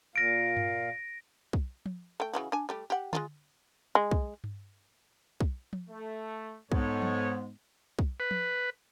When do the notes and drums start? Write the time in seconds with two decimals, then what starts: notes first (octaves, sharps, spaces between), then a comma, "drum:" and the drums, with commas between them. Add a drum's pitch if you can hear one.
0.16 A#2 F5 A#6 D7
0.57 drum: tom G2
1.53 drum: kick
1.86 drum: tom F3
2.20 A3 G5
2.33 C#3 E3 F#4
2.52 D4 G#5
2.69 G3 A3 G4
2.90 G4 F#5
3.13 G#3 E4 F4, drum: tom D3
3.95 G#3
4.11 drum: kick
4.44 drum: tom G2
5.40 drum: kick
5.73 drum: tom F3
5.89 A3
6.72 G#2 G#3 B3 A4 C#5, drum: kick
7.02 drum: tom F3
7.99 drum: kick
8.20 B4
8.31 drum: tom F3